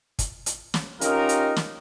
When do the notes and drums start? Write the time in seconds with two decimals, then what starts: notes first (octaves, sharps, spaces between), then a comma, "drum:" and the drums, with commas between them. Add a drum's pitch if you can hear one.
0.19 drum: kick, hi-hat
0.46 drum: hi-hat
0.74 drum: snare
1.01 C#4 D#4 F4 G4 A#4, drum: hi-hat
1.29 drum: hi-hat
1.56 drum: snare